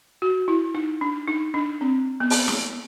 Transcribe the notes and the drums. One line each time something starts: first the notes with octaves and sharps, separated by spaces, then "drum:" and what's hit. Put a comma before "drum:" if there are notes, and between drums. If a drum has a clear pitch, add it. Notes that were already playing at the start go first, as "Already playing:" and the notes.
F#4
E4
D#4
D4
D#4
D4
C4
B3
drum: open hi-hat
drum: snare